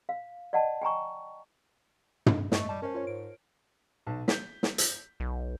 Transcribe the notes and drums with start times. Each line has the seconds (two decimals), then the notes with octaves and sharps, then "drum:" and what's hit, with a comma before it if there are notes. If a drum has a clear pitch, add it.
0.09 F5
0.53 D5 D#5 F#5 G5 A5
0.82 G5 G#5 A#5 C#6
2.26 drum: tom
2.52 A3 D#5 C#6, drum: snare
2.69 G3 A5
2.82 C#4 A#4 C5
2.95 F4 C#5
3.07 G#2 D7
4.07 B1 A5
4.28 G6 B6, drum: snare
4.63 drum: snare
4.78 drum: hi-hat
5.20 B1